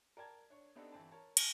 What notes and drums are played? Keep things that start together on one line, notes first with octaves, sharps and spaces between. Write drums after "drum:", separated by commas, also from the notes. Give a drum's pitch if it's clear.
A#4 D5 G5 A5 G#6
D4 C#5
B3 C4 D4 D#4 G4 A4
G1 E3 C4 A5
A#4 C#5 A5
G#5 A5 F6 F#6, drum: cymbal